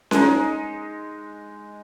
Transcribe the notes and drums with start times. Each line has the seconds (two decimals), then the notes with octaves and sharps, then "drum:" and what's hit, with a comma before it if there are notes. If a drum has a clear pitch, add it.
0.11 G#3 D#4, drum: snare C#4